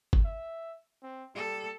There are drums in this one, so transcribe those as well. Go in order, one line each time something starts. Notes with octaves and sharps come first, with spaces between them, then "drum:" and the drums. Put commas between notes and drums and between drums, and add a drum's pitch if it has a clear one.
drum: kick G1
E5
C4
G3 A4